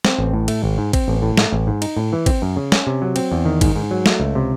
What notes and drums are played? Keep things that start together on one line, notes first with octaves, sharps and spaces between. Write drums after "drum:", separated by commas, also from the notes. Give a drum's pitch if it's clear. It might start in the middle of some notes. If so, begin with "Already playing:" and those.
C4, drum: snare
A1
A2
A3, drum: cymbal
G#1
G#2
C4, drum: kick G#1, cymbal
A1
A2
A3, drum: snare
A1
G#2
D#4, drum: cymbal
A2
E3
C4, drum: kick G#1, cymbal
F#2
C#3
C#4, drum: snare
C3
F#3
C4, drum: cymbal
E2
D#3
G#2, drum: kick G#1, cymbal
G#2
F#3
A3, drum: snare
C#2
C3